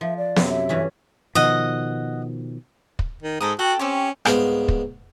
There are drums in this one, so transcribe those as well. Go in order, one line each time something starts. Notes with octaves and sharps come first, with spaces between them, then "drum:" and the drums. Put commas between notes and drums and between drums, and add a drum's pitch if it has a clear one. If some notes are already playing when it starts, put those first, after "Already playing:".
F3 E5
D5
F#2 C3, drum: snare
E5
G2 E3 C#4
B2 D#3 F3 D#5 F#5
drum: kick
D#3
G#2 A4 A#4 D#6
F#4 A4 G5
C4 C#4 G4 C#5
C2 G#2 B3 F5 G5, drum: rim click
drum: kick